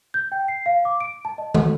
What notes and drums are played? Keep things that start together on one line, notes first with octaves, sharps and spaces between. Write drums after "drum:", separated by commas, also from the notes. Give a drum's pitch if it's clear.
G6
G5
C7
F5
D6
D7
A5
D#5
A4, drum: tom